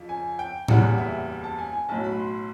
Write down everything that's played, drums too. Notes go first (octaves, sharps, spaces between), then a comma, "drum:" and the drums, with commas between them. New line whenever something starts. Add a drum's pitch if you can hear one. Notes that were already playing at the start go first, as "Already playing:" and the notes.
Already playing: F2 C#3 F3
G#5
G5
F#1 E2 C#3 E3 G3 F#5, drum: tom A2
E5
A5
G#5
G#5
B1 A2 F#3 A5
B5
C6